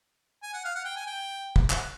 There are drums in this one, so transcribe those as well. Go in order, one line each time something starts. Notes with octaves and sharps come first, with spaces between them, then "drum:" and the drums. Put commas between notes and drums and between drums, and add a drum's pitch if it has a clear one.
G#5
F#5
F5
F#5
G5
G#5
G5
drum: kick
F#5, drum: clap